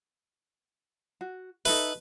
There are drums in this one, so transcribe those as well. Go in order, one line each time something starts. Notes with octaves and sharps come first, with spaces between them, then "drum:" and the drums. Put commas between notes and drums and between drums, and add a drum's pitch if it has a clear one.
F#4
D#4 A4 B4 E5, drum: open hi-hat